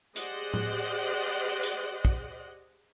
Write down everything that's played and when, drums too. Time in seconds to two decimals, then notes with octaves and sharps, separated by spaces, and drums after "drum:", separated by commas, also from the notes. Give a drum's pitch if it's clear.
0.16 G4 G#4 C5 D5 D#5 F#5, drum: hi-hat
0.54 drum: tom A2
1.63 drum: hi-hat
2.05 drum: kick